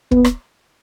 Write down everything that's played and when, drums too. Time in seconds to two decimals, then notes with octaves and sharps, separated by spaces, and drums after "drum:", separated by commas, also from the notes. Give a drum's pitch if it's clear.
0.11 B3, drum: kick
0.25 drum: rim click